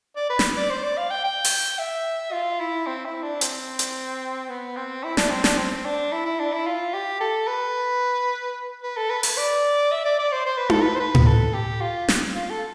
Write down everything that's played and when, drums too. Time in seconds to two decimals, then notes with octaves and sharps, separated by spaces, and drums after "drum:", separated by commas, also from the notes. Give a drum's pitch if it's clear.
0.16 D5
0.30 B4
0.39 drum: snare
0.57 D5
0.70 C5
0.83 D5
0.97 F5
1.11 G5
1.24 G5
1.45 drum: open hi-hat
1.79 E5
2.32 F4
2.60 E4
2.87 C4
3.05 E4
3.23 D4
3.41 C4, drum: hi-hat
3.79 drum: hi-hat
4.49 B3
4.77 C4
5.04 E4
5.17 D4, drum: snare
5.31 C4
5.44 D4, drum: snare
5.57 C4
5.85 D4
6.12 E4
6.25 E4
6.39 D4
6.53 E4
6.67 F4
6.94 G4
7.20 A4
7.47 B4
8.83 B4
8.97 A4
9.10 B4
9.23 B4, drum: open hi-hat
9.37 D5
9.92 E5
10.05 D5
10.19 D5
10.32 C5
10.46 C5
10.57 B4
10.70 A4, drum: tom D#4
10.82 B4
10.96 C5
11.00 B4
11.15 drum: tom A2
11.27 A4
11.54 G4
11.81 F4
12.08 drum: snare
12.35 F4
12.50 A4